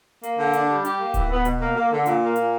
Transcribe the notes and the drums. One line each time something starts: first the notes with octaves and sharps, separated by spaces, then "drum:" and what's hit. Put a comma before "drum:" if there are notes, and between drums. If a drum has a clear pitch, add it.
A#3, drum: hi-hat
D3
D4, drum: hi-hat
G3
G4, drum: hi-hat
A#3
E3, drum: kick D1, hi-hat
B3
B2, drum: hi-hat
A#3
A#3
D3
A#2, drum: hi-hat
A#3
A#2, drum: hi-hat